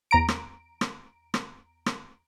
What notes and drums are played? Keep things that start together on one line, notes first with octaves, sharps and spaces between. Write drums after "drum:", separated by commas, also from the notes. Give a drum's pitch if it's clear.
E2 A#5 D7
drum: rim click
drum: rim click
drum: rim click
drum: rim click